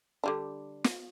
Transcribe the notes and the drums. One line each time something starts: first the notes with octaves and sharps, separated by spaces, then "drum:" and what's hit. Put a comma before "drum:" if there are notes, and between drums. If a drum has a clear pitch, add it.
D3 G3 D4
drum: snare